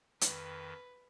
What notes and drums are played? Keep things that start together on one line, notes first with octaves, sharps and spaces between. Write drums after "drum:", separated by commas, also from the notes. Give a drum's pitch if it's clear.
F2 D#3 B4, drum: hi-hat